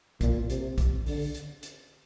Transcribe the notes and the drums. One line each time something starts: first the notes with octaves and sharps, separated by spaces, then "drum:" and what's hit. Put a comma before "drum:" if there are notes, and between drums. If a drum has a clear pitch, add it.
A#2, drum: kick, hi-hat
C3, drum: hi-hat
drum: kick, hi-hat
D3, drum: open hi-hat
drum: hi-hat
drum: hi-hat